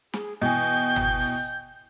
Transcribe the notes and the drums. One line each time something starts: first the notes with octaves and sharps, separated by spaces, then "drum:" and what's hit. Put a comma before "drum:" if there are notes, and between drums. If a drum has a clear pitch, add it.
G#4, drum: snare
B2 E3 D#5 G5 G#5 G6
drum: tom G1
drum: open hi-hat